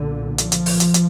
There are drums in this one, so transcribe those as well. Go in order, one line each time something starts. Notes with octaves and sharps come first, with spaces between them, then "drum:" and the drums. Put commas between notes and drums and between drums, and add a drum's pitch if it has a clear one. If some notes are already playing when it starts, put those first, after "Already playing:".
Already playing: B1 A#2 D3
F3, drum: hi-hat
drum: hi-hat
drum: open hi-hat
drum: hi-hat
drum: hi-hat